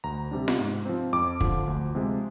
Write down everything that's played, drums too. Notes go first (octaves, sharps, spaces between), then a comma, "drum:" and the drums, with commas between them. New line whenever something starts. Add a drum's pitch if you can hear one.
D2 A#5
C3 G3 D4
drum: snare F4
G#2
F3 C4
F2 D6
D3 F3, drum: kick
D2
C3 F3 G#3